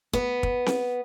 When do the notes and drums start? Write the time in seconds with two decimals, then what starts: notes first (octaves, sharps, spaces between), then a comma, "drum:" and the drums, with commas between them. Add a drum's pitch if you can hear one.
0.13 B3, drum: kick
0.43 drum: kick
0.66 drum: snare C4